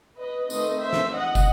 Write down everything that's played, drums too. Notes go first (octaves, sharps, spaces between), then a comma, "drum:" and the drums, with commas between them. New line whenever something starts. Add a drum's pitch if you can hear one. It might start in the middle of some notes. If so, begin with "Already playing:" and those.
B4 D#5
D#3 A3 C4 B4 D#5, drum: tambourine
C5 E5
drum: snare
D#5 F#5
drum: kick, tambourine